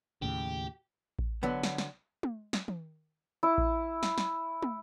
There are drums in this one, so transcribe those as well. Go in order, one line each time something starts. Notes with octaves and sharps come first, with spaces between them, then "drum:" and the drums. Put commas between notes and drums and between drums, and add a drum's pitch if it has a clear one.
D#2 A2 C#3 G4
drum: kick A1
D3 F#3 B3
drum: snare
drum: snare
drum: tom
drum: snare
drum: tom
E4
drum: kick A1
drum: snare
drum: snare
drum: tom